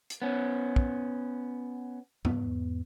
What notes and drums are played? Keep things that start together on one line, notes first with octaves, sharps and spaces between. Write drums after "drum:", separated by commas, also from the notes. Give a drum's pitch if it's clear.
drum: hi-hat
B3 C#4
drum: kick
E2 G#2 B3, drum: tom E2